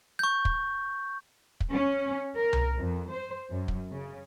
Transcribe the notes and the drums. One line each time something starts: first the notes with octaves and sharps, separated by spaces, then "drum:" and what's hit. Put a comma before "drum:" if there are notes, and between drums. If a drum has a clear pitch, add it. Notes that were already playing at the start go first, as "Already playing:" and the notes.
C#6 G6
drum: kick
drum: kick
C#4
A#4
drum: tom C2
F2
C5
F#2
drum: kick
C#3